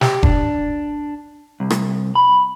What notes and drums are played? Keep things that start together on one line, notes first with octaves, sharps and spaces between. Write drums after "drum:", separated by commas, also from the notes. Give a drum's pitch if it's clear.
G4, drum: snare
D4, drum: kick F1
C2
drum: rim click
B5